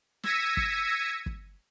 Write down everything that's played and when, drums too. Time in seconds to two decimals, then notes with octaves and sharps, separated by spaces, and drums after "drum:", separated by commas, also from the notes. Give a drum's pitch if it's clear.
0.23 E6 G#6 A#6 B6 C#7 D#7, drum: snare
0.57 drum: kick
1.26 drum: kick